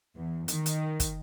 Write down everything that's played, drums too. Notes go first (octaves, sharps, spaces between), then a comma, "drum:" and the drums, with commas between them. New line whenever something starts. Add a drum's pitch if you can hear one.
E2
D#3, drum: hi-hat
drum: hi-hat
drum: kick, hi-hat